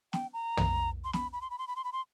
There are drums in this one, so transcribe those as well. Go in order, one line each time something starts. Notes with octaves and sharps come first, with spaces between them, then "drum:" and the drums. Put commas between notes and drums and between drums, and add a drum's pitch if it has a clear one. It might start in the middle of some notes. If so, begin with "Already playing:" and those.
G5, drum: snare
A#5
drum: tom
C6
B5, drum: snare
B5
C6
B5
C6
B5
C6
B5
C6